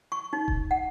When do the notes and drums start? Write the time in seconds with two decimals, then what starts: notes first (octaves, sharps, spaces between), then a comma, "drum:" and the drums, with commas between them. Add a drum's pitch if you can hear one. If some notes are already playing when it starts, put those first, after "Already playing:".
0.12 C#6
0.33 D#4
0.48 drum: kick D#1
0.71 F#5